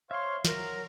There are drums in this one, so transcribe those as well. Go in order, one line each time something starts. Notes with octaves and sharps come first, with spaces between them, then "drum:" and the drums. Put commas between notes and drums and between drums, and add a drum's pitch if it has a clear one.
C5 C#5 E5 F5 C6
F#3 A#4, drum: snare